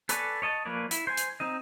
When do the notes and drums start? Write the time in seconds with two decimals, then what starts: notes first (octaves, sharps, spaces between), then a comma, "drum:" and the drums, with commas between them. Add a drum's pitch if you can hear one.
0.09 A4 B4 C#5 D5 G#5, drum: hi-hat
0.42 C#5 D#5 A5
0.65 F3 A#3 B4 C#5 D5
0.91 E4, drum: hi-hat
1.07 C5 G#5
1.17 drum: hi-hat
1.40 C4 D#4 D#5